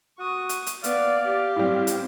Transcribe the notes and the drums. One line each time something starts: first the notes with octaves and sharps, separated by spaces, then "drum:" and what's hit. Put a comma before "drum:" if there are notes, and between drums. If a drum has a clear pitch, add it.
F#4 C#6 D#6
drum: hi-hat
drum: hi-hat
B3 D5 F5, drum: hi-hat
G4
A2 G3 C4
drum: hi-hat